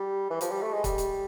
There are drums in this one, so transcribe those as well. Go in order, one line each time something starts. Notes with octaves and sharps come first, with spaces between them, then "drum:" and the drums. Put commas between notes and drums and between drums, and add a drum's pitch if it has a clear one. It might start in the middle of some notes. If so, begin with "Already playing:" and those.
Already playing: G3
E3
F3, drum: hi-hat
G3
A3
G#3
G3, drum: kick, hi-hat
drum: hi-hat